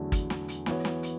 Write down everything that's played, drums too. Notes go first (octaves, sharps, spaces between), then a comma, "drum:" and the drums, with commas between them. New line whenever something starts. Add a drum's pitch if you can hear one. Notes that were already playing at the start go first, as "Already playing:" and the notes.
Already playing: E2 D3 F#3 A3
drum: kick, hi-hat
drum: snare
drum: hi-hat
E3 B3 F#4 C#5, drum: snare
drum: snare
drum: hi-hat